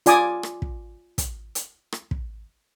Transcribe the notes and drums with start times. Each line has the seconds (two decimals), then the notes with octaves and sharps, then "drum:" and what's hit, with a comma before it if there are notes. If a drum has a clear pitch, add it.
0.06 F4 D5 G#5 D6 D#6, drum: hi-hat
0.43 drum: rim click
0.62 drum: kick
1.18 drum: kick, hi-hat
1.55 drum: hi-hat
1.92 drum: rim click
2.11 drum: kick